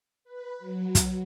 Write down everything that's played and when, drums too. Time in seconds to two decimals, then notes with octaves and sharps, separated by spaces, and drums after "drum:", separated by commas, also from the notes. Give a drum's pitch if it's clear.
0.24 B4
0.59 F#3
0.95 drum: kick, hi-hat